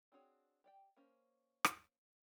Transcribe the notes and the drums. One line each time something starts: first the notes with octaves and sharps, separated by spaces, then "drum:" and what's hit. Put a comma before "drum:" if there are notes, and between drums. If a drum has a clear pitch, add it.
C4 D4 F#4 G#4 C#5
G4 D5 G5
A#3 C#4 C5
drum: rim click